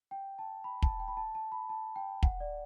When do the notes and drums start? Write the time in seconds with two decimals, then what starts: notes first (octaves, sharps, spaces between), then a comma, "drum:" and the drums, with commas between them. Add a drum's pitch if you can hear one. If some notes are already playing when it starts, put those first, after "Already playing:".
0.11 G5
0.39 A5
0.64 B5
0.82 A5, drum: kick
1.00 G5
1.08 B5
1.17 A5
1.35 A5
1.52 B5
1.69 A5
1.96 G5
2.23 F#5, drum: kick
2.40 D5